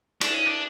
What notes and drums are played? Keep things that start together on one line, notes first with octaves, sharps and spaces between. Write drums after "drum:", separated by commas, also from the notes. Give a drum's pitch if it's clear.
D4, drum: cymbal
C#4
D4